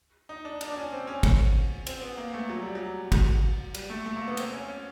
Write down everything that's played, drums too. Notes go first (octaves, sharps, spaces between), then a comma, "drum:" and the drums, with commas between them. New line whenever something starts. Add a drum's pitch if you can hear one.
D#4
D4
D4, drum: cymbal
D4
C#4
C4
C#4
drum: kick, cymbal
C4, drum: cymbal
B3
A#3
A3
F#3
G3
F#3
drum: kick, cymbal
G3, drum: cymbal
A3
A3
A#3
B3
C4, drum: cymbal
C#4
C#4